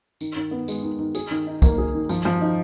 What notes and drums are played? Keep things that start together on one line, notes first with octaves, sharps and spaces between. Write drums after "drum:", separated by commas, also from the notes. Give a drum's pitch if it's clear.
D#3, drum: tambourine
D#3
B3
G#3, drum: tambourine
D#3
D#3
G#4, drum: tambourine
D#3
D#4
A#3, drum: kick, tambourine
G#4
D#3
F3, drum: tambourine
F3
D#4